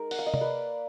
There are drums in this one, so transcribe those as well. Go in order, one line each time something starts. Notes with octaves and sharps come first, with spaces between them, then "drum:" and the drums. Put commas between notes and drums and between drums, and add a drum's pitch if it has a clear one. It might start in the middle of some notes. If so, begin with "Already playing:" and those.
Already playing: G#3 D#4 A#4
F#5, drum: open hi-hat
F5
D#5
D5, drum: tom
A#3 B4